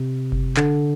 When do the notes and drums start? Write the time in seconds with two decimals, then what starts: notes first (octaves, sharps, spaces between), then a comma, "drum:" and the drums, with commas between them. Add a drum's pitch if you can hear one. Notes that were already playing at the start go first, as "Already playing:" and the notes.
Already playing: C3
0.32 drum: kick F#1
0.57 D3, drum: clap